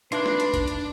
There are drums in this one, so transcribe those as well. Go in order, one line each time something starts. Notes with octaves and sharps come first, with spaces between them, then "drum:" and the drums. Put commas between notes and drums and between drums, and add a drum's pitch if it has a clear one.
D4 D#4 B4 D5 E5 C6 D6 F#6, drum: hi-hat
drum: snare
drum: hi-hat
drum: kick, hi-hat
drum: hi-hat